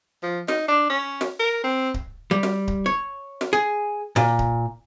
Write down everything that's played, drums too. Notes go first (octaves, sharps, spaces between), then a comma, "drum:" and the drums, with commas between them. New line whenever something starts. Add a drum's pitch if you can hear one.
F3
D#4, drum: snare
D4
C#4
drum: snare
A#4
C4
drum: kick D1
G3
drum: snare
drum: kick D1
C#5
drum: snare
G#4
A#2, drum: snare
drum: kick D1